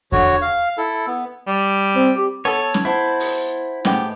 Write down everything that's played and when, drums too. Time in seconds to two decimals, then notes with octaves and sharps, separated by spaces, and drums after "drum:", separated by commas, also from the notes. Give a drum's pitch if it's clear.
0.12 D3 F#4 C#5, drum: kick E2
0.42 F5
0.78 E4 A4
1.07 B3
1.47 G3
1.94 C4
2.15 G4
2.45 B3 A4 C#5 A5
2.74 drum: snare C#4
2.85 E4 C5 F#5 A5
3.20 drum: open hi-hat
3.85 A2 G#3 B3 G4, drum: snare C#4